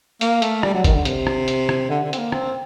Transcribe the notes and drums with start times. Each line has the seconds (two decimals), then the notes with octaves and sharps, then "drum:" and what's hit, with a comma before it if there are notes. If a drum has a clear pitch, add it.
0.21 A#3, drum: hi-hat
0.42 A3, drum: hi-hat
0.63 G3, drum: rim click
0.74 F#3
0.84 D#3, drum: kick G1, hi-hat
0.95 D3
1.05 C3, drum: hi-hat
1.27 drum: rim click
1.48 drum: hi-hat
1.69 drum: rim click
1.90 D3
2.04 D3
2.13 C4, drum: hi-hat
2.18 A#3
2.32 C4, drum: rim click